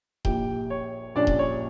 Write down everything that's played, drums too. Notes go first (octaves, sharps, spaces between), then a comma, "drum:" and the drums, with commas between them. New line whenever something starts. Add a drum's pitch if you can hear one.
A#1 A#2 A#3 E4 G4 G5, drum: kick D#1
C#5
A#1 A#2 G3 C#4 D4 D5
drum: kick D#1
C#5